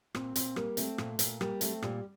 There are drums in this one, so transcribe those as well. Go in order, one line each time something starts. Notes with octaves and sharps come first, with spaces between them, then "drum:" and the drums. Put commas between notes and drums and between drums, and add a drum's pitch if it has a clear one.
A#2 C4, drum: rim click
A#2 C4, drum: hi-hat
G3 A#3, drum: rim click
A3 C4, drum: hi-hat
A#2, drum: rim click
A#2, drum: hi-hat
G3 A#3, drum: rim click
A3 C4, drum: hi-hat
A#2 G3, drum: rim click